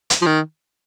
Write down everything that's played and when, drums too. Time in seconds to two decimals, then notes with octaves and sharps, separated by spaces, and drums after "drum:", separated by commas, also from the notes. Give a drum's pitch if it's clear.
0.10 drum: hi-hat
0.22 F3
0.26 D#3